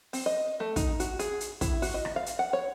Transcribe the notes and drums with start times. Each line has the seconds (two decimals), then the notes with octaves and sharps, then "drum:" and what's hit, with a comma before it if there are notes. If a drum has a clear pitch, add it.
0.13 C4, drum: open hi-hat
0.26 D#5
0.60 A3
0.76 D#4, drum: kick, hi-hat
1.00 F#4, drum: hi-hat
1.19 G#4, drum: hi-hat
1.40 drum: hi-hat
1.61 E4, drum: kick, hi-hat
1.82 F#4, drum: open hi-hat
1.94 D#5
2.05 drum: rim click
2.16 F5
2.26 drum: hi-hat
2.39 F#5
2.53 C#5